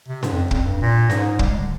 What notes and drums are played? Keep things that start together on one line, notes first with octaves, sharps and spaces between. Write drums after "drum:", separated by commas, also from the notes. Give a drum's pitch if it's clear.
C3
G#2, drum: snare C#4
F2
F2, drum: kick
G2
A#2
G#2, drum: snare C#4
G3, drum: kick
G#3
D3